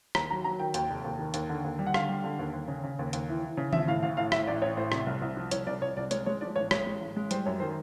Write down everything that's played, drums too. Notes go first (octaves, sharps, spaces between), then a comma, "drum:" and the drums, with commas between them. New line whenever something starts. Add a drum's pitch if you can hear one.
D#2 A#5, drum: rim click
F#3 A#5
F#3 A#5
D#3 G5
D#2 G5, drum: hi-hat
F1
D#2
D#3
D#2, drum: hi-hat
D3
D#2
G3
F#5
D3 F5, drum: rim click
G3
D3
D#2
D#2
C#3
C#3
D#2
D#2, drum: hi-hat
E3
E3
C#3
F3 E5, drum: tom D#3
A2 F5
A1 F5
A2 F5
A2 E5, drum: rim click
A1 D5
A1 C#5
A2 C5
C3, drum: rim click
C2
C2
F3
C2 C#5, drum: hi-hat
C2 D5
C2 C#5
C2 D5
G#3 C#5, drum: hi-hat
G#3 C#5
F3 D5
A1 C#5
G#3 C#5, drum: rim click
G#3
A1
G#3
G3 C5, drum: hi-hat
F#2 C#5
D#3 C5